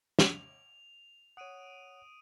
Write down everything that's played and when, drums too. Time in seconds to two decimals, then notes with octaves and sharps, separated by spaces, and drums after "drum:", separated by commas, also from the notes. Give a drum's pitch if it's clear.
0.19 F7, drum: snare
1.37 C#5 F#5 D#6 D7 D#7